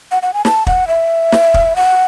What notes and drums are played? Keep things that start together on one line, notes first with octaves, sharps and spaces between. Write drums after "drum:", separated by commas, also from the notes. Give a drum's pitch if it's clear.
F#5
F#5
G#5
A5, drum: snare
F#5, drum: kick
E5
drum: snare
drum: kick
F#5